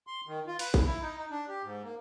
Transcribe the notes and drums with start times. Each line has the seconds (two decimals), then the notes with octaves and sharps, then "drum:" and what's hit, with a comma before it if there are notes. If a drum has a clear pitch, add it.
0.07 C6
0.27 D#3
0.47 F4
0.59 B4, drum: cymbal
0.74 D#2, drum: kick
0.86 E4
1.02 D#4
1.18 D#4
1.30 D4
1.48 G4
1.63 G#2
1.84 A#3